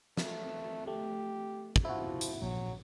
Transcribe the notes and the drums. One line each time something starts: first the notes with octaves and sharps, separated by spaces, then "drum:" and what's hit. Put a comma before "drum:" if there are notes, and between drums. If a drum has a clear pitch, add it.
A3, drum: snare
A3 G4
drum: kick
F3 E4 F#4
drum: hi-hat
A#1 F#3